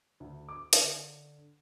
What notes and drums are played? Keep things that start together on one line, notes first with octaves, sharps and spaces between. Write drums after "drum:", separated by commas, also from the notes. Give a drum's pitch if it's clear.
D2
D6
D3, drum: hi-hat